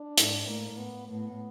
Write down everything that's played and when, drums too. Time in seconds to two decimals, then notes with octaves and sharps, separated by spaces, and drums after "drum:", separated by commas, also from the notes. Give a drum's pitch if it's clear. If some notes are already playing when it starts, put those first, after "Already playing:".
Already playing: D4
0.18 G#2, drum: hi-hat
0.48 A2 A#3
0.77 B3
1.07 A2 B3